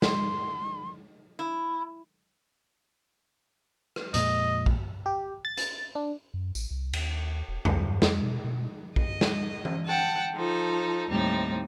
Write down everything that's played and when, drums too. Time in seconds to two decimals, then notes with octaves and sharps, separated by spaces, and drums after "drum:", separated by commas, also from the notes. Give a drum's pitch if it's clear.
0.02 C6, drum: snare
1.39 E4
3.96 drum: rim click
4.14 F2 A#2 G#3 D#5, drum: hi-hat
4.66 drum: kick A#1
5.06 G4
5.45 A6
5.57 drum: hi-hat
5.95 D4
6.34 F#2
6.55 A1, drum: tambourine
6.71 C2
6.93 D#2, drum: cymbal
7.48 E1
7.65 C2, drum: tom E2
7.86 G2
8.02 F2, drum: snare
8.22 B2
8.44 B2
8.96 D#5, drum: kick A#1
9.21 drum: snare
9.65 drum: tom E3
9.85 F#5 G5 A5
10.33 F3 D#4 A4
11.09 D#2 A2 G3 C4 D#4